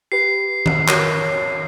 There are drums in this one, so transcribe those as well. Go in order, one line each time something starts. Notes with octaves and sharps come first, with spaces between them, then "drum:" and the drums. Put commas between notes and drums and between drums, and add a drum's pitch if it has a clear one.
G4 B4 C7
drum: tom D#3
F#4 A#4 C#5, drum: clap